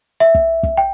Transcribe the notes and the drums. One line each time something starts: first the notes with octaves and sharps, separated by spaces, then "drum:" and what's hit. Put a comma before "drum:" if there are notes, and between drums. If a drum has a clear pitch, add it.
E5
drum: kick
drum: kick
G5